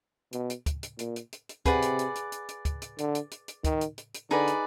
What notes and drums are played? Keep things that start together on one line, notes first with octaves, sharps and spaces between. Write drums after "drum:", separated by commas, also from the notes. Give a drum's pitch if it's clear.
B2, drum: hi-hat
drum: hi-hat
drum: kick, hi-hat
drum: hi-hat
A#2, drum: hi-hat
drum: hi-hat
drum: hi-hat
drum: hi-hat
C3 G#4 B4 D5 F#5, drum: kick, hi-hat
drum: hi-hat
drum: hi-hat
drum: hi-hat
drum: hi-hat
drum: hi-hat
drum: kick, hi-hat
drum: hi-hat
D3, drum: hi-hat
drum: hi-hat
drum: hi-hat
drum: hi-hat
D#3, drum: kick, hi-hat
drum: hi-hat
drum: hi-hat
drum: hi-hat
D3 D#4 G#4 B4 D5
drum: hi-hat